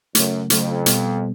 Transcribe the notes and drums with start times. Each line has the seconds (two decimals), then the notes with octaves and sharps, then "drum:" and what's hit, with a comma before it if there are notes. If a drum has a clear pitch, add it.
0.15 F#2 C#3 F#3 A3, drum: hi-hat
0.50 F2 C#3 F#3 A3, drum: hi-hat
0.86 B2 G3 B3, drum: hi-hat